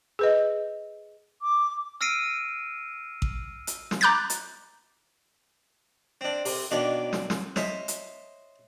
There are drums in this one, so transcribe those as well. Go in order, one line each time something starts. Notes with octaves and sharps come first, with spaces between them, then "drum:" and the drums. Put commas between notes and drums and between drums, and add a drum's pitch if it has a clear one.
G#4 B4 D#5
D6
E6 F6 A#6 C7 D7 D#7
drum: kick A1
drum: hi-hat
drum: snare
A#5 D6 F#6 G6 A6
drum: hi-hat
C4 D4
C3, drum: open hi-hat
B2 D#3 A#3 C#4 D4
drum: snare
drum: snare
C5 C#5 D#5 E5, drum: snare
drum: hi-hat